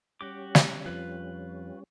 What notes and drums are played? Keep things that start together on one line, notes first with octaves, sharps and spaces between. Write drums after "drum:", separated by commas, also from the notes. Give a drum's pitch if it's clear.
G3 C#4 F#4 G4 D6
drum: snare
F2 F3 F4 B4